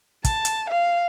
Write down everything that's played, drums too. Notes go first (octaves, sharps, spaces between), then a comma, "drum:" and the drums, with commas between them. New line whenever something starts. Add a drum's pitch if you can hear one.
A5, drum: kick, hi-hat
drum: hi-hat
F5